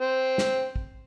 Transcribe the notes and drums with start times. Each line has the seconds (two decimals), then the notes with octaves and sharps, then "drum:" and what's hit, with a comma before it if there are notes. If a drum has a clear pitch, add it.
0.01 C4
0.38 drum: snare
0.76 drum: kick